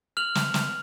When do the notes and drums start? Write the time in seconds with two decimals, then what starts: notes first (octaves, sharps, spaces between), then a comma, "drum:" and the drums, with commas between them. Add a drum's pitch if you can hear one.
0.17 F6 F7 F#7
0.35 drum: snare
0.54 drum: snare